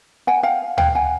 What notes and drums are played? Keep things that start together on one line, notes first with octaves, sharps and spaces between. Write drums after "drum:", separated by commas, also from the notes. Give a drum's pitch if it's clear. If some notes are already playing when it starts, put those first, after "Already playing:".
F#5 G#5
F5 G5
F5 G5, drum: tom
F#5 G#5